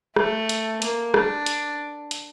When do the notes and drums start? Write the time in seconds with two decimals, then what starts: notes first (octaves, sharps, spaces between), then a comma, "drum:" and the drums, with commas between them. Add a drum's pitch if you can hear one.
0.16 A3, drum: rim click
0.49 drum: hi-hat
0.82 A#3, drum: hi-hat
1.14 D4, drum: rim click
1.46 drum: hi-hat
2.11 drum: hi-hat